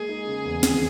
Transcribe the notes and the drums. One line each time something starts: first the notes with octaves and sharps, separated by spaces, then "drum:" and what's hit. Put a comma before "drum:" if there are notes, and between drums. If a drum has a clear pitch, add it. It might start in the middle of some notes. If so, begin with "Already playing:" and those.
Already playing: G#3 A#3 G#4
D#4
C#3
E2
D#2, drum: snare